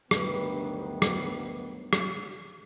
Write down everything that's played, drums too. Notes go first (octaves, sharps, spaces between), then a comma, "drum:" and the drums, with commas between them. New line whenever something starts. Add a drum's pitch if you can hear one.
D2 G2 D#3 F#3 B3, drum: rim click
drum: rim click
drum: rim click